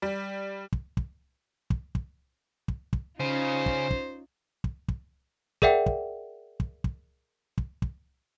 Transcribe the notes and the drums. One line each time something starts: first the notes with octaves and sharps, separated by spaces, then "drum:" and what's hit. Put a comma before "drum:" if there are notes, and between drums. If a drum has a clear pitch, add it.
G3
drum: kick
drum: kick
drum: kick
drum: kick
drum: kick
drum: kick
C#3 C#4 D#4 F4 C5
drum: kick
drum: kick
drum: kick
drum: kick
G#4 A#4 D5 E5 F#5 G5, drum: kick
drum: kick
drum: kick
drum: kick
drum: kick
drum: kick